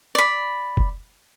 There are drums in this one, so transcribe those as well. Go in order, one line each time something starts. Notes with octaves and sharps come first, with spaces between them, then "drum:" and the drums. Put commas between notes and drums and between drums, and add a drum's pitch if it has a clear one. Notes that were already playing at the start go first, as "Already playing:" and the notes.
D5 B5
drum: kick F1